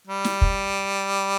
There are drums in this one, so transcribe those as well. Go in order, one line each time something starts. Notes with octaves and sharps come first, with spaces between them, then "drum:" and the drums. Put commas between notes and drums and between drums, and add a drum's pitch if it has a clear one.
G3
drum: snare
drum: kick